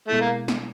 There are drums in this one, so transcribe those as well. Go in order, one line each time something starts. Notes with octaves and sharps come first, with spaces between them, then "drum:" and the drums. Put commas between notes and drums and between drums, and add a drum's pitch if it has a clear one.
B2 G#3 A3 B3 E4 G#4
A#3
drum: snare